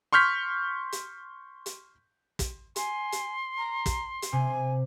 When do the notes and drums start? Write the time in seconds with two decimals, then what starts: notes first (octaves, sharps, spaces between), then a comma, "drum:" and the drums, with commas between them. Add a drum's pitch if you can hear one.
0.13 C6 C#6 F6 G6 B6
0.92 drum: hi-hat
1.66 drum: hi-hat
2.39 drum: kick, hi-hat
2.76 G#5 C6, drum: hi-hat
3.12 drum: hi-hat
3.57 A#5
3.86 drum: kick, hi-hat
4.22 drum: hi-hat
4.32 C3 G#5